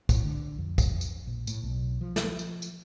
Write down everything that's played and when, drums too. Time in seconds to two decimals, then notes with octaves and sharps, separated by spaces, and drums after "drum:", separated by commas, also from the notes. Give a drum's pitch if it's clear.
0.09 A2, drum: kick, tambourine
0.24 D3
0.58 F2
0.78 drum: kick, tambourine
1.01 drum: tambourine
1.27 A#1
1.47 A2, drum: tambourine
1.63 B1
2.01 F3
2.16 drum: snare
2.39 drum: tambourine
2.62 drum: tambourine